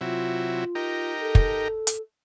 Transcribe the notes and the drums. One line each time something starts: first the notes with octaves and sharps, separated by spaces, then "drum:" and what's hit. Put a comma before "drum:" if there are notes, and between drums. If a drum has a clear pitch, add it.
C3 F#3 E4 F4
D#4 G4 A#4
A4
drum: kick
drum: hi-hat